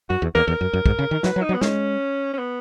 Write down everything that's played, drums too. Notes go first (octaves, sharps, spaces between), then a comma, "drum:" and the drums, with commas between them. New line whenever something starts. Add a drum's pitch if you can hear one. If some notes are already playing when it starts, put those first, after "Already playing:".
F#2 F#4
E2
E2 A#4
E2 A#4
F#2
F#2
G#2, drum: kick
C#3
D#3
F#3 B4, drum: snare
F#3
D#4
F#3
B3
G#3 C#4, drum: snare
C#4
B3